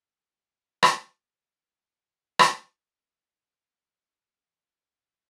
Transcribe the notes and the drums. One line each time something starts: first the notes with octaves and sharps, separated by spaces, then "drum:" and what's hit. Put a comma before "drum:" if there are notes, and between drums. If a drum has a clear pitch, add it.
C2 G#2 A3 G4 F5
drum: rim click
drum: rim click
G1
C#2
D4
E3
D#1
C#2
B2
G#2